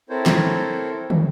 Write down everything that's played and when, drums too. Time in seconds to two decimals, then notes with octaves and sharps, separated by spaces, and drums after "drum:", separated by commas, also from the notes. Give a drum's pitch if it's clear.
0.09 C4 E4 A4 A#4 C5 C#5
0.26 drum: snare
1.10 drum: tom